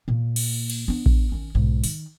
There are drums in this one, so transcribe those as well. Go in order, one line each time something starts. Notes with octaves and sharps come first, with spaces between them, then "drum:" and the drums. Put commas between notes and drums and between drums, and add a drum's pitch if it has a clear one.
A#2 A#3
drum: cymbal
drum: cymbal
B3 D4
drum: kick A1
D#3 C#4
B1 G#2
D#3, drum: open hi-hat